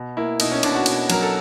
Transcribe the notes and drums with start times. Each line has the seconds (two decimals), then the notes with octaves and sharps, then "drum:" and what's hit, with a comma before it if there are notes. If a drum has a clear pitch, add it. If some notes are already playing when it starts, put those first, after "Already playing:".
Already playing: B2
0.17 A#3 E4
0.40 B2 D#4, drum: cymbal
0.52 C#4
0.63 B2 D4, drum: cymbal
0.75 F#4
0.86 B2, drum: cymbal
1.10 F#3 A#4, drum: cymbal
1.22 A4